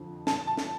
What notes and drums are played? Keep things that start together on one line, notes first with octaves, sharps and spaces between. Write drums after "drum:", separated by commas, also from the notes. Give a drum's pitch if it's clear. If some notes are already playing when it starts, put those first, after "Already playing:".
Already playing: F2 D3 F3
A5, drum: snare
A5
drum: snare